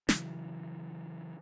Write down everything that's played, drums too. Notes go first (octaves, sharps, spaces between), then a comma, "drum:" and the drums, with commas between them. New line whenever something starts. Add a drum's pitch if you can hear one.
C#3 E3 F#3, drum: snare